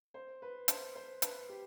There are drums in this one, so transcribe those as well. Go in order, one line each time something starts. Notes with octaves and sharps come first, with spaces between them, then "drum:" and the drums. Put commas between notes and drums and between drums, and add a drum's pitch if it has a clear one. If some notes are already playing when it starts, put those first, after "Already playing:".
C5
B4
C5, drum: hi-hat
C5
B4, drum: hi-hat
G4